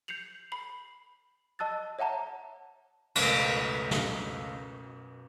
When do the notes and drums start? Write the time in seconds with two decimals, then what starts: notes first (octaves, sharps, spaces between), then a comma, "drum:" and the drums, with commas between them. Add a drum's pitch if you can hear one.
0.08 G6 C7 C#7 F7 F#7
0.52 B5 C7 F#7
1.59 D#5 A5 E6 F#6 A6
1.99 C#5 E5 F#5 A5 A#5
3.16 C#2 F#2 B2 A3, drum: cymbal
3.91 drum: snare